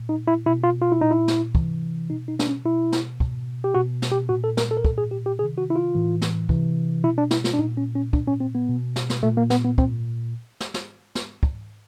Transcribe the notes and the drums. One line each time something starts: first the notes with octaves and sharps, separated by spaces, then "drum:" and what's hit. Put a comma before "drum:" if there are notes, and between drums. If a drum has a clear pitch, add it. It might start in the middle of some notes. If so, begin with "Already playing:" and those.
Already playing: A#2
D#4
E4
B2 E4
F4
F4
E4
A#2 D#4
E4
drum: snare
C3 E3, drum: kick
B2 D#4
D#4
D4, drum: snare
C#4
B2 E4
drum: snare
B2, drum: kick
G4
B2 F#4
drum: snare
G4
A#2 F#4
A4
A#4, drum: snare
A4
A#4
A#2 A4, drum: kick
G#4
G4
G4
C3 G#4
D#3
F#4
E4
F4
A2 E3
drum: snare
C3 E3, drum: kick
B2 E4
D4
E4, drum: snare
F4, drum: snare
D4
A#2 D#4
C#4
C#4
A#2 D4, drum: kick
C#4
C4
B3
B2
drum: snare
drum: snare
A#2 A3
A#3
B3, drum: snare
B3
A#2 C4, drum: kick
drum: snare
drum: snare
drum: snare
drum: kick